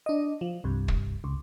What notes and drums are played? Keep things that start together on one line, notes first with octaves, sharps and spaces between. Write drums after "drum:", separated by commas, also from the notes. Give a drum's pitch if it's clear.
D4 D#5
F3
C2 G2
drum: kick
C#2